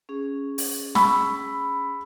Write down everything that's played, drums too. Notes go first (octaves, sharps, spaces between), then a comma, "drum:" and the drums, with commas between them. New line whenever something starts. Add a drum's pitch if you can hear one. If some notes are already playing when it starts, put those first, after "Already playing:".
C#4 G#4
drum: open hi-hat
B5 C#6 E6, drum: snare